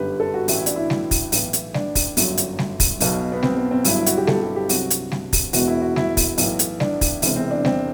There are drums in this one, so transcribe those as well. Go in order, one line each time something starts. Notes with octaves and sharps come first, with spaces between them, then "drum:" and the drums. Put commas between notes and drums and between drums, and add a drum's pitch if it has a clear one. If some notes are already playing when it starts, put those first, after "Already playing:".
Already playing: G1 F#2 D3 G4 B4
A4
F#4
A1 A2 E3 F#4, drum: open hi-hat
E4
D4, drum: hi-hat
E4
drum: snare
drum: kick, open hi-hat
B1 A2 E3, drum: open hi-hat
drum: hi-hat
D4, drum: snare
drum: kick, open hi-hat
G1 F#2 F#3, drum: open hi-hat
drum: hi-hat
drum: snare
drum: kick, open hi-hat
B1 B2 F#3, drum: open hi-hat
B3
C4, drum: snare
B3
C4
G1 G2 F#3 E4, drum: open hi-hat
E4
F#4, drum: hi-hat
G4
A4, drum: snare
G4
G4
C2 C3 F#3 F#4, drum: open hi-hat
drum: hi-hat
drum: snare
drum: kick, open hi-hat
E1 E2 B2 F#4, drum: open hi-hat
E4
F#4
E4, drum: snare
drum: kick, open hi-hat
B1 A2 E3, drum: open hi-hat
drum: hi-hat
D4, drum: snare
drum: kick, open hi-hat
E1 E2 C3, drum: open hi-hat
C4
D4
C4, drum: snare